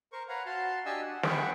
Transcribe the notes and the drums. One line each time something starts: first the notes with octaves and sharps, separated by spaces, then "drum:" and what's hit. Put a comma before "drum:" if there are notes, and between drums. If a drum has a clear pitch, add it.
A#4 C5 C#6
B4 C#5 F5 F#5 A#5
F#4 F5 A5 C6
D4 G4 D#5 G#5 A5 E6
F#5
G#4 F#5 G5 B5 C#6 D6, drum: snare